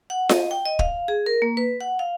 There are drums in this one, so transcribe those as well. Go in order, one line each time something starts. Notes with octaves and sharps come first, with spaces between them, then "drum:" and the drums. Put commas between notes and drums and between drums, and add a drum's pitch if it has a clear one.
F#5
D#5, drum: snare F4
G5
D#5
F5, drum: kick
G#4
A#4
A#3
B4
F#5
F5